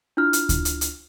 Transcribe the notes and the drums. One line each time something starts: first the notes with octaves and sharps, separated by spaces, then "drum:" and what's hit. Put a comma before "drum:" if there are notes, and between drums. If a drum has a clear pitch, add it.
D4 E4 F4 F6
drum: hi-hat
drum: kick D2, hi-hat
drum: hi-hat
drum: hi-hat